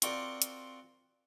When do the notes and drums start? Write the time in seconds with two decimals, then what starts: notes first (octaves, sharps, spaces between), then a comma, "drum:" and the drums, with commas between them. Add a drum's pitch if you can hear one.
0.02 C4 F4 F#4 A#4 D5, drum: hi-hat
0.42 drum: hi-hat